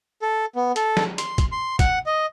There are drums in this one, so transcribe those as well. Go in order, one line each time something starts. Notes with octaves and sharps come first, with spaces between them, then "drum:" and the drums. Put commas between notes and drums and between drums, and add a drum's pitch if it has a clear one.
A4
B3
A4, drum: hi-hat
drum: snare
C6, drum: hi-hat
drum: kick, hi-hat
C6
F#5, drum: kick, hi-hat
D#5